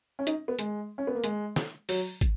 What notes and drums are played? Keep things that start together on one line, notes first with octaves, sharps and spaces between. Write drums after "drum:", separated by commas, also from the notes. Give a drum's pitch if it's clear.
C#4
D#4, drum: hi-hat
B3
G#3, drum: hi-hat
C#4
B3
A#3
G#3, drum: hi-hat
drum: snare
F#3, drum: open hi-hat
drum: kick, hi-hat